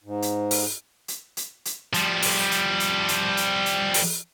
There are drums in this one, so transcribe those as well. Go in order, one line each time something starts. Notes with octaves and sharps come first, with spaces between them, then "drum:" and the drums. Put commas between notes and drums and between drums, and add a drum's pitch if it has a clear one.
G#2
drum: hi-hat
drum: open hi-hat
drum: hi-hat
drum: hi-hat
drum: hi-hat
F3 G3, drum: hi-hat
drum: open hi-hat
drum: hi-hat
drum: hi-hat
drum: hi-hat
drum: hi-hat
drum: hi-hat
drum: open hi-hat